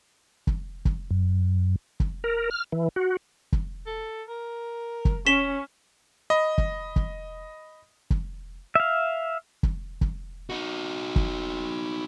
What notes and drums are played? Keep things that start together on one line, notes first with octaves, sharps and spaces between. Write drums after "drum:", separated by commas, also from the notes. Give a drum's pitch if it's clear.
drum: kick
drum: kick
F#2
drum: kick
A#4
F6
E3
F#4
drum: kick
A4
A#4
drum: kick
C#4 B6 E7 G7
D#5 B5
drum: kick
drum: kick
drum: kick
E5 F5
drum: kick
drum: kick
D#4 F#4
drum: kick